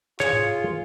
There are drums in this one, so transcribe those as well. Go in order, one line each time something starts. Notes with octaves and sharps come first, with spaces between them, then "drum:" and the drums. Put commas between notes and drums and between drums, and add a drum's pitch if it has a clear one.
F4 G#4 C#5 G#5, drum: clap
drum: tom G2